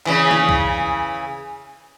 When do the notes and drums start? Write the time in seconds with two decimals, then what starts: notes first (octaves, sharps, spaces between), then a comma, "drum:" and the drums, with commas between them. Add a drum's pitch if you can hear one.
0.06 C#3 E3, drum: clap
0.31 drum: snare
0.49 drum: kick B1